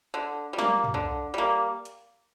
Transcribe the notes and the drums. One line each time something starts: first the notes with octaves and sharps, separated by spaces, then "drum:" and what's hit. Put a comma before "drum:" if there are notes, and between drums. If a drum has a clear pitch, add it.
D3
G3
A#3, drum: snare
drum: tom
D3
G3 A#3
drum: hi-hat